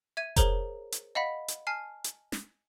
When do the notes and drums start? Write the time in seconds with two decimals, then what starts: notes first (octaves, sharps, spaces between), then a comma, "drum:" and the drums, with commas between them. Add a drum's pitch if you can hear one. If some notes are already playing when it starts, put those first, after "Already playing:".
0.17 E5 G#6 D#7
0.36 G#4 A#4 C5 C#5 A#5, drum: kick F1, hi-hat
0.92 drum: hi-hat
1.15 D#5 F5 F#5 B5 B6
1.48 drum: hi-hat
1.67 G#5 A5 F6 C7
2.04 drum: hi-hat
2.32 drum: snare